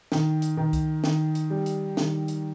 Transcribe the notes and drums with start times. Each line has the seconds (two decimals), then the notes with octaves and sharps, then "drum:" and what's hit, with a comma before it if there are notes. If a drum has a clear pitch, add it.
0.12 D#3, drum: snare
0.42 drum: hi-hat
0.57 D#3
0.73 drum: kick C2, hi-hat
1.04 D#3, drum: snare
1.35 drum: hi-hat
1.50 G3
1.66 drum: hi-hat
1.97 D#3, drum: snare
2.28 drum: hi-hat